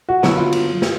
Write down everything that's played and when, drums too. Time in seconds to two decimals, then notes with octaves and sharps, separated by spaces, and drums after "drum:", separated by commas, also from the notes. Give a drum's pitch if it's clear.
0.09 F#4
0.23 D3 F#3 B3 E4 F#4, drum: snare
0.38 F4
0.53 drum: cymbal
0.82 drum: snare